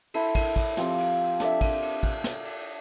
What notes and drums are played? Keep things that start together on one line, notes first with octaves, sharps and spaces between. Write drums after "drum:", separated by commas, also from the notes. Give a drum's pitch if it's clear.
E4 A4 C5, drum: cymbal
drum: kick, cymbal
drum: kick, cymbal
F3 C4 G4, drum: snare
drum: cymbal
D4 A4 E5, drum: snare
drum: kick, cymbal
drum: cymbal
drum: kick, cymbal
drum: snare
drum: cymbal